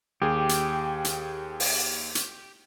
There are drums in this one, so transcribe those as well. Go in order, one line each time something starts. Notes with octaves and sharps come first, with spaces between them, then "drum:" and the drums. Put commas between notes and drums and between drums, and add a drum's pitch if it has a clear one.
D#2 G4 G#4
drum: hi-hat
drum: hi-hat
drum: open hi-hat
drum: hi-hat